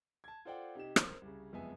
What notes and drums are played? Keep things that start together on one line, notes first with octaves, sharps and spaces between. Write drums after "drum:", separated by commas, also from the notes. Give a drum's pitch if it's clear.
A5 G#6
F4 A4 C5 D5 F#5 G5
C3 D#4 G4 E7
A#4 C5, drum: rim click
C2 C#3
F#1 F2 G#3 B3 E5 G#5